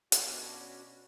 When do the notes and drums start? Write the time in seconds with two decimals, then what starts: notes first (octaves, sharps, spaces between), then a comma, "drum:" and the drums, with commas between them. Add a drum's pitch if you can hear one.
0.12 B2 C#4 D4 F#4, drum: hi-hat